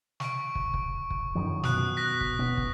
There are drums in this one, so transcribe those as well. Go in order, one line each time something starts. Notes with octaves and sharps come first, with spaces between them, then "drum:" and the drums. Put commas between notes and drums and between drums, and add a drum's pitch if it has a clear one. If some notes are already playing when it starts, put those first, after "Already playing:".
C#6 D7, drum: snare
drum: kick
drum: kick
drum: kick
F#2 D#3 F3
B2 D#6 F#6, drum: snare
F#6 A#6 B6
drum: kick
B3
drum: kick